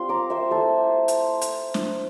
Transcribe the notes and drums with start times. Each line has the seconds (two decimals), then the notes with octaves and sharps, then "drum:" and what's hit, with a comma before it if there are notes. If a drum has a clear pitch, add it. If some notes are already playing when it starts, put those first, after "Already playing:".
Already playing: G3 C4 F4 C6
0.09 A#5 D6
0.30 C5 E5
0.51 A3 E4 A4 C5
1.08 drum: hi-hat
1.41 drum: hi-hat
1.74 drum: snare